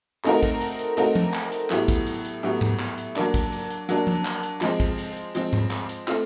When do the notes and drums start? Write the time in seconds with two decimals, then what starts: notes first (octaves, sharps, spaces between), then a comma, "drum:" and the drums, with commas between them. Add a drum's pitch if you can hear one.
0.24 A3 C4 D#4 F#4 A#4, drum: clap
0.43 drum: kick, hi-hat
0.61 drum: hi-hat
0.79 drum: hi-hat
0.97 A3 C4 D#4 F#4 A#4, drum: hi-hat
1.15 drum: tom F3
1.34 drum: clap
1.52 drum: hi-hat
1.70 A2 F#3 B3 E4 G4, drum: clap
1.88 drum: kick, hi-hat
2.07 drum: hi-hat
2.25 drum: hi-hat
2.43 A2 F#3 B3 E4 G4
2.61 drum: tom G#2
2.79 drum: clap
2.98 drum: hi-hat
3.16 F#3 A#3 D4, drum: clap
3.34 drum: kick, hi-hat
3.52 drum: hi-hat
3.71 drum: hi-hat
3.89 F#3 A#3 D4, drum: hi-hat
4.07 drum: tom F3
4.25 drum: clap
4.43 drum: hi-hat
4.61 F3 G#3 C4, drum: clap
4.80 drum: kick, hi-hat
4.98 drum: hi-hat
5.16 drum: hi-hat
5.35 F3 G#3 C4, drum: hi-hat
5.53 drum: tom G#2
5.71 drum: clap
5.89 drum: hi-hat
6.08 A3 C4 F4, drum: clap